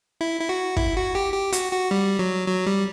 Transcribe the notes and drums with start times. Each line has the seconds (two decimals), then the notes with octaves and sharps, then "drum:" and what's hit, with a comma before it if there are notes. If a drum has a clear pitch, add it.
0.21 E4
0.40 E4
0.49 F#4
0.77 E4, drum: kick
0.96 F#4
1.15 G4
1.34 G4
1.53 F#4, drum: hi-hat
1.72 F#4
1.91 G3
2.19 F#3
2.48 F#3
2.66 G3